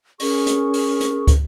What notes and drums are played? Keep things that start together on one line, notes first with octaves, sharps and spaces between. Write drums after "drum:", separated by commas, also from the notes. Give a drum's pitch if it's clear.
C#4 G#4 A#4 C#6, drum: open hi-hat
drum: hi-hat
drum: open hi-hat
drum: hi-hat
drum: kick, hi-hat